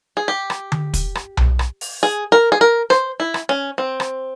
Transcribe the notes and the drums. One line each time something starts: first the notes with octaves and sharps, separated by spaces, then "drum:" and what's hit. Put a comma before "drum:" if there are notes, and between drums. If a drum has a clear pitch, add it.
G#4
G4
drum: rim click
drum: tom D3
drum: kick, hi-hat
drum: rim click
drum: tom B1
drum: rim click
drum: open hi-hat
G#4
A#4
G#4
A#4
C5, drum: rim click
E4
drum: rim click
C#4
C4
drum: rim click